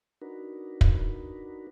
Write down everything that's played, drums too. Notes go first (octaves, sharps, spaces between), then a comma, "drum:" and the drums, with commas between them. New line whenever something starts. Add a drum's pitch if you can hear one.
D4 D#4 F#4 A#4 B4
drum: kick